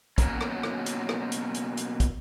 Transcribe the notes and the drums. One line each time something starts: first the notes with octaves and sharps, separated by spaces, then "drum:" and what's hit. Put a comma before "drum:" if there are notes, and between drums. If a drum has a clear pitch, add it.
B2 D#3 F#3 A#3 C#4, drum: kick, hi-hat
drum: rim click
drum: rim click
drum: hi-hat
drum: rim click
drum: hi-hat
drum: hi-hat
drum: hi-hat
drum: kick, hi-hat